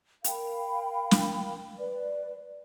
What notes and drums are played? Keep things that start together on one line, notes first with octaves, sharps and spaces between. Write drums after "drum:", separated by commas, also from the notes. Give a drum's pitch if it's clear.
A#4 F5 G5 B5, drum: hi-hat
drum: snare
B4 D5